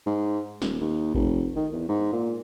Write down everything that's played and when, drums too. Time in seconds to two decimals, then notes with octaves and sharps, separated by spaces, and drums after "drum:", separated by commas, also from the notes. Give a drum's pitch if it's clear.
0.06 G#2
0.62 D#1, drum: snare
0.80 D#2
1.14 F1, drum: kick A1
1.56 D#3
1.72 E2
1.89 G#2
2.12 A#2